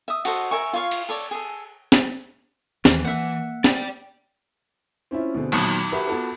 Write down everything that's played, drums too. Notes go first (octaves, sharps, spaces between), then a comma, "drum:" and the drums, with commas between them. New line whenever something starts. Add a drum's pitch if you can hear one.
E5 D#6
F#4 A4 C5 D#5, drum: cymbal
A#4 E5 G#5 C#6
F4 C#5 F5
drum: cymbal
A4 C#5 D5
G#4 A4
drum: snare
D#2 E3, drum: snare
A#3 E5 F#5
D5 G5, drum: snare
C4 C#4 E4 F4
B2 D3 C4 G#4
A#2 D#3 F#3 B3, drum: cymbal
F#4 G4 A#4 B4 E5
B3 F4 F#4 A4 B4